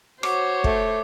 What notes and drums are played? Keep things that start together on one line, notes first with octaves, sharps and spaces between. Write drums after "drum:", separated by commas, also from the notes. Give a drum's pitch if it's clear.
F#4 C5 C#5 D6, drum: rim click
A3, drum: kick